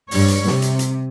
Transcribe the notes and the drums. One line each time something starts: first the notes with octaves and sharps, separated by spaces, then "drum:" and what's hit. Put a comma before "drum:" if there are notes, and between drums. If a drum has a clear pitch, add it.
G2 G3 C#5, drum: open hi-hat
drum: hi-hat
C3, drum: snare
drum: hi-hat
drum: hi-hat